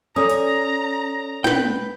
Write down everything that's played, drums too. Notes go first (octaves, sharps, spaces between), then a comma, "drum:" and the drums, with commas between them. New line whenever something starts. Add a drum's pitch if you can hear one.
C#4 A4 D5 A#5 D#6
drum: hi-hat
B4 G5, drum: tom